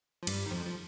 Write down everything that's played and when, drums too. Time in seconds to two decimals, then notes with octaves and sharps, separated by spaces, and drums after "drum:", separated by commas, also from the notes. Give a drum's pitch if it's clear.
0.23 F3
0.27 G2 G3, drum: cymbal
0.46 D#3
0.51 F2 F3
0.66 F3